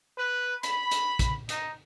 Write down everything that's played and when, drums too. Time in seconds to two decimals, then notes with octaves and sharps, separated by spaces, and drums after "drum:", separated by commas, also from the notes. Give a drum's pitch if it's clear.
0.18 B4
0.63 B5, drum: hi-hat
0.91 drum: hi-hat
1.19 drum: kick, hi-hat
1.49 D#4, drum: hi-hat